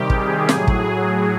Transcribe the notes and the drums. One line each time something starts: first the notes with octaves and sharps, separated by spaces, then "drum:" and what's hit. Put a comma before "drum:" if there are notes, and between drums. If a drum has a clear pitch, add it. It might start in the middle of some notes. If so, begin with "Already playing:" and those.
Already playing: C3 D#3 G3 G4
G#4, drum: kick
A2 F#3, drum: snare
drum: kick